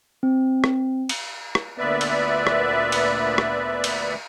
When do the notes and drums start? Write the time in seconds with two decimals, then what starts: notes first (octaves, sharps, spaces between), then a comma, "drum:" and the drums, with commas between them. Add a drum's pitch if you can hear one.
0.23 C4
0.64 drum: rim click
1.09 drum: cymbal
1.55 drum: rim click
1.78 D2 A#2 B3 B4 D5 E5
2.01 drum: cymbal
2.47 drum: rim click
2.92 drum: cymbal
3.38 drum: rim click
3.84 drum: cymbal